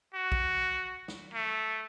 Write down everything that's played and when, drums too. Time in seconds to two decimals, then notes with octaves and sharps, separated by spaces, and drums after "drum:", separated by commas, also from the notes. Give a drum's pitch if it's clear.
0.14 F#4
0.32 drum: kick A#1
1.08 drum: snare
1.34 A3